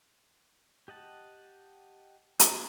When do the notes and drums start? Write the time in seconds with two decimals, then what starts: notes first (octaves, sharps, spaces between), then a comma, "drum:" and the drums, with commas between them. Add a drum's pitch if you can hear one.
0.88 G4 D#5 F#5 A5
2.39 G3 C#4 F4 G#4, drum: hi-hat